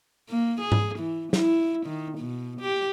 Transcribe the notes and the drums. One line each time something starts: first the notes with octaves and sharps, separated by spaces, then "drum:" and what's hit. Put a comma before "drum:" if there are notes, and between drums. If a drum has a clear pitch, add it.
A#3
G#4
drum: tom G#2
E3
E4, drum: snare
D#3
B2
G4